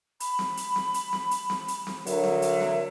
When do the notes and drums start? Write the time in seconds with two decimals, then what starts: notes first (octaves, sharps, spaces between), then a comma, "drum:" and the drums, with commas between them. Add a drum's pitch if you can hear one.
0.20 B5, drum: hi-hat
0.39 drum: snare C4
0.57 drum: hi-hat
0.76 drum: snare C4
0.94 drum: hi-hat
1.13 drum: snare C4
1.31 drum: hi-hat
1.50 drum: snare C4
1.68 drum: hi-hat
1.87 drum: snare C4
2.07 D3 F#3 A#4 E5, drum: hi-hat
2.24 drum: snare C4
2.42 drum: hi-hat
2.61 drum: snare C4